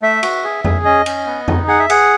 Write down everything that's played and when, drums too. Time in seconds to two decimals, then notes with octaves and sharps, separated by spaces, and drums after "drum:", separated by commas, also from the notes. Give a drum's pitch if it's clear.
0.02 A3 E5
0.23 F#4, drum: cymbal
0.44 G#4
0.64 G#4, drum: tom F2
0.85 C#4 D#5
1.06 C#4, drum: cymbal
1.26 B3
1.48 D#4, drum: tom F2
1.68 G#4 F#5
1.80 E5
1.90 G#4 F#5, drum: cymbal